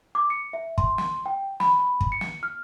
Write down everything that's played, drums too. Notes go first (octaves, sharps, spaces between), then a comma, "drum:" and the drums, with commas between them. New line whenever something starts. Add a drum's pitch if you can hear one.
D6
C#7
E5
C6, drum: kick
drum: snare
G5
B5, drum: snare
B5
drum: kick
C#7
drum: snare
F6